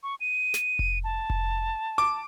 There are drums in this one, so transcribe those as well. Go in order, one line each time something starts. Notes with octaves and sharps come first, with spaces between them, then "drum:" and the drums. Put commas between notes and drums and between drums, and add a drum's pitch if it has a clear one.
C#6
D#7
drum: snare
drum: kick F1
A5
drum: kick F1
D6